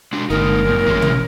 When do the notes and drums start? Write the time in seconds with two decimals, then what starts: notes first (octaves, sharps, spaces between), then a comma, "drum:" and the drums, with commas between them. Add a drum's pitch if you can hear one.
0.13 G#3 D4 F#4
0.30 G1 G#3 A#3 D#4 A#4
0.65 F#2 A#2
0.87 A1 G#3 C#4 E4
1.02 drum: tom B2